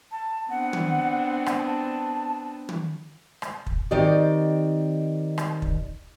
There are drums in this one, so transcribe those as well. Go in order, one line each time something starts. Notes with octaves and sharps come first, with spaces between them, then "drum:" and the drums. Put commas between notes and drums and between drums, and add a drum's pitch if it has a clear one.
A5
B3 C4 D4 F#5
drum: tom
drum: rim click
A5
drum: tom
drum: rim click
drum: kick
D#3 C4 G4 D5 D#5
drum: rim click
drum: kick